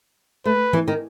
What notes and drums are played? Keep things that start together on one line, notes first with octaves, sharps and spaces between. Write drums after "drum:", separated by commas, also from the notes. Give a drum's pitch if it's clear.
A3 B4
E3, drum: tom E3
D#3